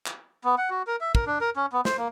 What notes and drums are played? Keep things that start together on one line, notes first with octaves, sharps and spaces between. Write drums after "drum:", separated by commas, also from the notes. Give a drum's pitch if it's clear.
drum: clap
B3
F#5
F#4
A#4
E5
A#4, drum: kick
D4
A#4
C#4
B3
C5, drum: snare
A#3